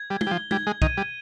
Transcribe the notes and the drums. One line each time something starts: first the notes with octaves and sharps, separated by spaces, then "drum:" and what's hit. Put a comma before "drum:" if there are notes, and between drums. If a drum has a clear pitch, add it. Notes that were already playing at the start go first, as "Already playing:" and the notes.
Already playing: G#6
G3
G7, drum: tom
G3
F3
G3 G#6, drum: tom
G#3
D#3 D#7, drum: kick
G3